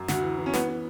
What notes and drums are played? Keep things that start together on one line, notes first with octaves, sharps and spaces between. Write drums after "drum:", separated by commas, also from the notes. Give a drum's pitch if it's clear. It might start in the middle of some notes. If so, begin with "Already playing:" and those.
Already playing: F#2
D2 F#4, drum: snare
E3
E3
C#4
E3 B3, drum: snare
E3